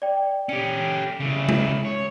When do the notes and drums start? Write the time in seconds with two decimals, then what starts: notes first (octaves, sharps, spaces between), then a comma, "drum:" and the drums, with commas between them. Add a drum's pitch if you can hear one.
0.02 D5 G5
0.49 C#4 G4 C#7
1.20 C#3 E4
1.49 drum: tom G#3
1.85 C#5